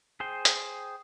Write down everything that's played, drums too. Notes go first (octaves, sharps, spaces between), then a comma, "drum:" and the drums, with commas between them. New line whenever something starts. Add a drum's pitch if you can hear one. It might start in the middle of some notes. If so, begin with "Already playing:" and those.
G#4 C5 G5
drum: hi-hat